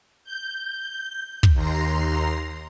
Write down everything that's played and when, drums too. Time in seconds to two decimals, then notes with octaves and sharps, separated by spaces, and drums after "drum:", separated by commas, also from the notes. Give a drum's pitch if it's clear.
0.24 G6
1.43 drum: kick
1.53 D#2 A#5 C6